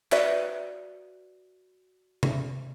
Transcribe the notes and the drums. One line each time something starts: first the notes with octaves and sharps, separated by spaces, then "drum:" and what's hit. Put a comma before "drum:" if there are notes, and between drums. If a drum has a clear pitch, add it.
F#4 B4 D5 E5, drum: clap
drum: tom C3